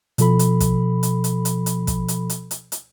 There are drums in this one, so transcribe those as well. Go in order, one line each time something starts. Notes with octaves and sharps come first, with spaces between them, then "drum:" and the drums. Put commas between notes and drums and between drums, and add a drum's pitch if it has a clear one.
B2 F3 A4 B5, drum: hi-hat
drum: hi-hat
drum: kick, hi-hat
drum: hi-hat
drum: hi-hat
drum: hi-hat
drum: hi-hat
drum: kick, hi-hat
drum: hi-hat
drum: hi-hat
drum: hi-hat
drum: hi-hat